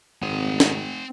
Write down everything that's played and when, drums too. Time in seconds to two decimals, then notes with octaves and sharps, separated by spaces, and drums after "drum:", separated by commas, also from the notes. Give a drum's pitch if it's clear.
0.23 G#1 C4 F#5
0.60 drum: snare